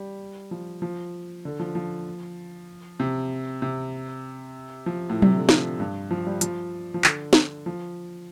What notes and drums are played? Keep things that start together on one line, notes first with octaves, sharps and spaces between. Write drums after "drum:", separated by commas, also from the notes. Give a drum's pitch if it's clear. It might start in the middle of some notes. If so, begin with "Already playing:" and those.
Already playing: G3
F3
F3
D3
F3
F3
C3
C3
F3
A2
C3, drum: tom F#3
D3
F3, drum: snare
G2
F3
G3
F3, drum: hi-hat
F3
D3, drum: clap
drum: snare
F3